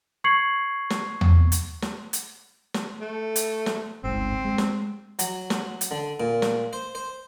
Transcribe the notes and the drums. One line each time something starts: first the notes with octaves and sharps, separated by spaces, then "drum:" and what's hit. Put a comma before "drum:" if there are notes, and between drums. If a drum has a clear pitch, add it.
C#6 G#6 C7 C#7 F#7
drum: snare
drum: tom E2
drum: hi-hat
drum: snare
drum: hi-hat
drum: snare
A3
drum: hi-hat
drum: snare
G1 C#2 G#2 C4
G#3
drum: snare
F#3, drum: hi-hat
drum: snare
drum: hi-hat
D3
A#2
drum: snare
C5
C5